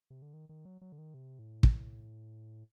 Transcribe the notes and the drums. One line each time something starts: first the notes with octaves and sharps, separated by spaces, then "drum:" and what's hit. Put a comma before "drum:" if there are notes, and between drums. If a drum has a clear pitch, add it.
C3
D3
D#3
D#3
F#3
F#3
D3
D#3
C3
A2
drum: kick